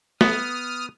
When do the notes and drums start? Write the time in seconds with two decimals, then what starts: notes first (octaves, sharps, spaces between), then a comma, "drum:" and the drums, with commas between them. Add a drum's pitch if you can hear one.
0.21 B3 D#6 F6, drum: snare